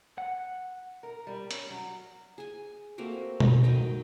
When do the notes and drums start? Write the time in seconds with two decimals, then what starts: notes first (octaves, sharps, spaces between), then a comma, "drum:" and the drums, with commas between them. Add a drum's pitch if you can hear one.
0.18 F#5
1.03 A#4
1.27 G3
1.51 C#4, drum: hi-hat
1.70 F#3
2.38 G#4 G#5
2.98 A3 A#3 C4 F#4
3.40 drum: tom B2
3.63 D#3 F#3 D#5 G5